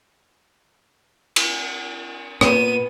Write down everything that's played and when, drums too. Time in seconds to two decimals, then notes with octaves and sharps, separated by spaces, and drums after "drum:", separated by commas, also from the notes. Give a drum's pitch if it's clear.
1.36 drum: cymbal
2.41 A#2 B3 D#7, drum: rim click